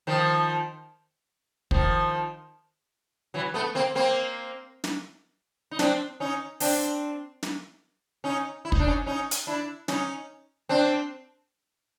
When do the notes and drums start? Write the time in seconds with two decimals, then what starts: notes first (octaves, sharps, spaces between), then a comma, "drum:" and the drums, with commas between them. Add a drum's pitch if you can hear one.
0.07 D#3 F3
1.71 D#3 F3, drum: kick
3.34 E3 F#3
3.54 A3 B3
3.75 A#3 C4
3.95 A#3 C4
4.84 drum: snare
5.71 D#4
5.79 C4 D4, drum: snare
6.20 C#4 D#4
6.60 C4 D4, drum: open hi-hat
7.43 drum: snare
8.24 C#4 D#4
8.65 E4
8.72 D#4, drum: kick
8.79 D4
8.87 C#4 D#4
9.06 C#4 D#4
9.31 drum: hi-hat
9.47 D4 E4
9.88 C#4 D#4, drum: snare
10.69 C4 D4